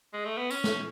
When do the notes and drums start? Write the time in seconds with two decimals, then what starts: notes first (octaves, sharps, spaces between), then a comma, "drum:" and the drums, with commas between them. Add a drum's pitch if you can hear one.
0.13 G#3
0.26 A3
0.38 B3
0.51 C#4, drum: tambourine
0.64 drum: snare